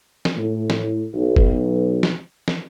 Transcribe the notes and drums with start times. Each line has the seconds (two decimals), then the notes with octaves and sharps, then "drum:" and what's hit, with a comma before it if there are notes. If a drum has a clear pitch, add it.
0.25 drum: snare
0.37 A2
0.70 drum: snare
1.14 B1
1.36 drum: kick F#1
2.03 drum: snare
2.48 drum: snare